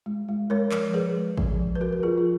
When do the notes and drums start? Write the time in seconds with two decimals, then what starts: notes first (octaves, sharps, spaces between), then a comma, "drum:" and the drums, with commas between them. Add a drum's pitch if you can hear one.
0.06 G#3
0.29 G#3
0.50 G#3 A#4 C#5
0.71 F3, drum: clap
0.93 F3 G#4 B4
1.15 G#3
1.38 F3, drum: kick
1.59 F3
1.75 B4
1.81 F3 F#4 A#4
1.93 A#4
2.03 F3 F4 G#4
2.18 F4